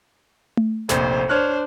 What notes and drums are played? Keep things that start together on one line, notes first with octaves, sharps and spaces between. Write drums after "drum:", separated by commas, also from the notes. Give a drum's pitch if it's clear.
drum: tom A3
F1 A#1 F2 C5, drum: snare
D4 C5 C#5 F6 F#6